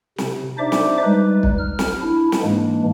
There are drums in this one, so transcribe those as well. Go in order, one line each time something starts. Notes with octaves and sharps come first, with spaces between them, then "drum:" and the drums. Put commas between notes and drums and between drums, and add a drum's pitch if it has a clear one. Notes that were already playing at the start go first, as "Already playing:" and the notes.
C3, drum: snare
D4 D#4 C5 D5 E5 D6
drum: snare
G3 G#3 D#4 B4
drum: kick
F6
drum: snare
D4 E4
drum: snare
G#2 E3 G#3 A#3 D4